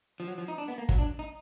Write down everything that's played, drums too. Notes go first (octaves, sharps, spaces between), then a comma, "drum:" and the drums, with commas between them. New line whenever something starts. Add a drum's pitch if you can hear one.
F3
F#3
F3
D#4
D4
B3
A#3
F#3, drum: kick
D4
D#4